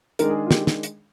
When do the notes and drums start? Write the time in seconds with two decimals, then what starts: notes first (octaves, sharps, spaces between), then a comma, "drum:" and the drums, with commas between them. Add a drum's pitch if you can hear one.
0.19 D#3 G#3 D4 A#4, drum: hi-hat
0.29 G#4
0.47 F4
0.51 G4, drum: snare
0.67 drum: snare
0.83 drum: hi-hat